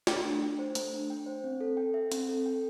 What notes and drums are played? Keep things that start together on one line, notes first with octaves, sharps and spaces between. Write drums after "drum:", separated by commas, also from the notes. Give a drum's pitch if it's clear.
A3, drum: snare
D4
G5
C5
A3, drum: hi-hat
D4
G5
C5
C4
A4
G5
E5
C4, drum: hi-hat
A4
G5